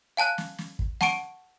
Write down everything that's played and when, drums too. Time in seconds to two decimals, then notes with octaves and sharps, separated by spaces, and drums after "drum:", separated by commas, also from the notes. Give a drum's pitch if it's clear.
0.17 F5 G#5 A5 F#6
0.38 drum: snare
0.58 drum: snare
0.79 drum: kick
1.01 F#5 A5 C#6 D7, drum: snare